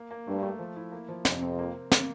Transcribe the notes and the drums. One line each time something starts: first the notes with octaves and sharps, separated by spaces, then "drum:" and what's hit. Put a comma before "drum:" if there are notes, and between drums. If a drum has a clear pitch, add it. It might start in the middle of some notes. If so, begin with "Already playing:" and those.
Already playing: A#3
A#3
G2 A3
A3
F3
E4
A#3
F3
F2 C3, drum: snare
C4
A#3
A#3
A#3, drum: snare